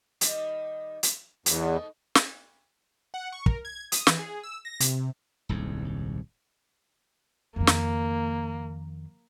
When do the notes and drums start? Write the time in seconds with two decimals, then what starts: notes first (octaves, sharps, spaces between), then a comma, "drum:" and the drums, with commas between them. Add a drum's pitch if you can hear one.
0.21 D#3 G3 D#5, drum: hi-hat
1.03 drum: hi-hat
1.46 E2 G#2 B2 A3, drum: hi-hat
2.15 drum: snare
3.14 F#5
3.32 C#6
3.46 A#4, drum: kick
3.65 G#6
3.92 D#6, drum: hi-hat
4.07 E3, drum: snare
4.19 G#4
4.43 E6
4.65 A#6
4.80 C3, drum: hi-hat
5.49 D#1 C2 G#2
7.56 F2 D#3 A#3
7.67 drum: snare